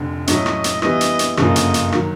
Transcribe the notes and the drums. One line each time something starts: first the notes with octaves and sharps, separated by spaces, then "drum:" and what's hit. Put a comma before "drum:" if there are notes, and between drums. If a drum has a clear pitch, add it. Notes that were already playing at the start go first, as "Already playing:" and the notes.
Already playing: F1 F2 D3
A2 F#3 A3 C#4 D#5, drum: hi-hat
drum: rim click
drum: hi-hat
E3 G3 B3 E4 D#5, drum: rim click
drum: hi-hat
drum: hi-hat
G1 F#2 C#3 F3 A#3 D#5, drum: rim click
drum: hi-hat
drum: hi-hat
D#3 F#3, drum: rim click